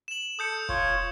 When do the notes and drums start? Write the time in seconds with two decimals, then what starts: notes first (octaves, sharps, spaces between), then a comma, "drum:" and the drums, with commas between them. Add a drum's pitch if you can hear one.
0.08 E7 F#7
0.39 A4 D#6 G6 C#7
0.69 F4 C#5, drum: kick